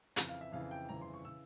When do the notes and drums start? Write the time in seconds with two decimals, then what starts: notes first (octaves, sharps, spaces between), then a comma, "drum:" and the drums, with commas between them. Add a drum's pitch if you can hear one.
0.16 F2 C#3 E3, drum: hi-hat
0.29 F5
0.41 E5
0.52 F2 C#3 E3 F5
0.71 G5
0.89 G1 F2 C#3 E3 A#5
1.01 C6
1.14 C#6
1.25 C#3 E3 E6